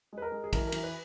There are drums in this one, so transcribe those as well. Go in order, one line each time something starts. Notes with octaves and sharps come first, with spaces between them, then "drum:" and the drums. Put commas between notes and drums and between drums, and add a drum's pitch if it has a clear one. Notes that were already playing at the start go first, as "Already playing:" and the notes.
G#3
B4
A#4
G#3
G#4
E3 A#4, drum: kick, cymbal
A#4
E3, drum: cymbal
B4